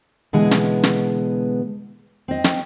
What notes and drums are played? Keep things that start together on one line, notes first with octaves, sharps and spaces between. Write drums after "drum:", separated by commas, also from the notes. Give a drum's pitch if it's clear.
B2 D3 E3 G#3 B3 G#4
drum: snare
drum: snare
C4 D#5
drum: snare